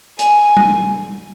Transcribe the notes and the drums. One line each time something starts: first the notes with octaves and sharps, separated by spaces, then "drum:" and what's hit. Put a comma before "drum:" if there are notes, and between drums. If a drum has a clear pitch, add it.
G#5, drum: hi-hat
drum: tom